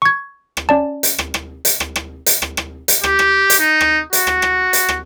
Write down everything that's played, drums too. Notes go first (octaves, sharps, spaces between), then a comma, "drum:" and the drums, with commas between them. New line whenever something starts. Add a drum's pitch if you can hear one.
C#6 G#6
drum: rim click
C#4 D5 A5
drum: hi-hat
drum: rim click
drum: rim click
drum: hi-hat
drum: rim click
drum: rim click
drum: hi-hat
drum: rim click
drum: rim click
drum: hi-hat
G4, drum: rim click
drum: rim click
drum: hi-hat
D#4
drum: rim click
F#4, drum: hi-hat
drum: rim click
drum: rim click
drum: hi-hat
drum: rim click